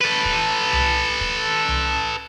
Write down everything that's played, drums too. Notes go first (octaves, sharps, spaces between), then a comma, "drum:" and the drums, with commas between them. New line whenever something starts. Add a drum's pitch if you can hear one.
A4 B4
drum: kick
drum: tom C2
drum: kick
drum: tom C2